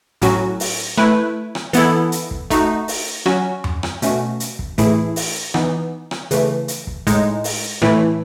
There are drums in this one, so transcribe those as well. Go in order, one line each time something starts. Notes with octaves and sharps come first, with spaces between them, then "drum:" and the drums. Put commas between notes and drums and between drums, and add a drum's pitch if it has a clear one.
A2 F#3 C#4 F#4, drum: kick, hi-hat
drum: open hi-hat
A3 E4 B4, drum: rim click
drum: rim click
E3 B3 E4 A4, drum: hi-hat
drum: hi-hat
drum: kick
A3 D#4 F#4, drum: kick, hi-hat
drum: open hi-hat
F#3 C#4 F#4, drum: rim click
drum: tom F#2
drum: rim click
B2 A3 C#4 F#4, drum: hi-hat
drum: hi-hat
drum: kick
A2 E3 A3 E4 G#4, drum: kick, hi-hat
drum: open hi-hat
E3 B3 D#4, drum: rim click
drum: rim click
C#3 E3 A3, drum: hi-hat
drum: hi-hat
drum: kick
A2 G#3 D#4, drum: kick, hi-hat
drum: open hi-hat
A2 E3 A3 E4, drum: rim click